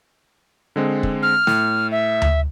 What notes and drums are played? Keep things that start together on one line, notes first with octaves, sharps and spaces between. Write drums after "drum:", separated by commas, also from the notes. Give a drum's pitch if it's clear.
D3 G#3 C4
drum: kick
F6
A2, drum: snare
E5
drum: tom D2